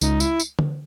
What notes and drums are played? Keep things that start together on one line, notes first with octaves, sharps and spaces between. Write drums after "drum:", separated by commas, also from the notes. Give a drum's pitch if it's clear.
C#2 D#4, drum: tambourine
E4, drum: tambourine
drum: tambourine
drum: tom D3